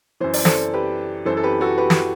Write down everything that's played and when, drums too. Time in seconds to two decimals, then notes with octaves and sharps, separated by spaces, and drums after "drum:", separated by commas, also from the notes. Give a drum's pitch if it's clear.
0.20 F#2 E3 C5
0.33 D5, drum: open hi-hat
0.45 A4 C5, drum: snare
0.74 G4 B4
1.25 F#2 E3 A4 C5
1.37 A4
1.43 G4 B4
1.61 F#4 A4
1.78 G4 B4
1.90 drum: snare